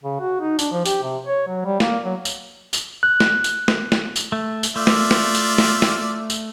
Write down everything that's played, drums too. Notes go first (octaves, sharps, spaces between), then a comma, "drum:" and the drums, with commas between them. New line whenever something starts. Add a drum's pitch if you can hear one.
C#3
F#4
D#4
D4, drum: tambourine
F3
G4, drum: tambourine
C3
C#5
F#3
G3
A#3, drum: snare
F#3
drum: tambourine
drum: tambourine
F#6
drum: snare
drum: tambourine
drum: snare
drum: snare
drum: tambourine
A3
drum: tambourine
A3 F4 D5 E5
drum: snare
drum: snare
drum: tambourine
drum: snare
drum: snare
drum: tambourine